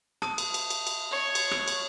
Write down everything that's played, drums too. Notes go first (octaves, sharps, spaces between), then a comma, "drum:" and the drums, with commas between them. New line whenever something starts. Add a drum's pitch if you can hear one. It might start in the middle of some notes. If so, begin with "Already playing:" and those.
A5 D#6, drum: rim click
drum: cymbal
drum: cymbal
drum: cymbal
drum: cymbal
C#5
drum: cymbal
drum: rim click
drum: cymbal